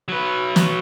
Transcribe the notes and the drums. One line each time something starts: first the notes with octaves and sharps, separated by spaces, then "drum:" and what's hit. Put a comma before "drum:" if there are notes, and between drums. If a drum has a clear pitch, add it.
F#3 B4
drum: snare